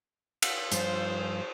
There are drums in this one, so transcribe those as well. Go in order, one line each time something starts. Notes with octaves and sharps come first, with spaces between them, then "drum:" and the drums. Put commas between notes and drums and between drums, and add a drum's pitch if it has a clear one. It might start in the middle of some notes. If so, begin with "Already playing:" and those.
drum: cymbal
G2 F3 F4 C5, drum: hi-hat